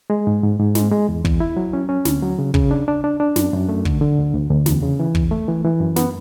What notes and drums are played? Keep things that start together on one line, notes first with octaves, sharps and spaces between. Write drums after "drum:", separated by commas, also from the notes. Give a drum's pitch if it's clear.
G#3
G#2
G#2
G#2
G#3, drum: snare
G#3
E2
E2, drum: kick
E4
F#3
C#4
C#4
D2, drum: snare
F#3
C#3
C#3, drum: kick
D4
D4
D4
D4
F#2, drum: snare
F#2
A3
D3, drum: kick
D3
D2
D2
D2
E2, drum: snare
C#3
E3
E2, drum: kick
A3
E3
E3
F#2
B3, drum: snare